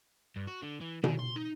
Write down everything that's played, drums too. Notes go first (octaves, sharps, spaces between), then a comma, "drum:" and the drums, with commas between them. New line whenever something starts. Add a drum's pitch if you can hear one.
G2
F#4
D3
E3
D#3, drum: tom B2
C6
D#4